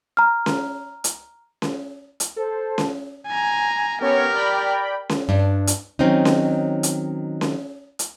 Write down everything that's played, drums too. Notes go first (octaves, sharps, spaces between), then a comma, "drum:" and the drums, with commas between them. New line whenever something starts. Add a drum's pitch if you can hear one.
A#5 F6
drum: snare C#4
drum: hi-hat
drum: snare C#4
drum: hi-hat
A4 C5 A5
drum: snare C#4
G#5 A#5
B3 C#4 G4 A#4 C#5
D5 G5 B5
drum: snare C#4
G2 D4
drum: hi-hat
D#3 F#3 C4 C#4 D#4
drum: snare C#4
drum: hi-hat
drum: snare C#4
drum: hi-hat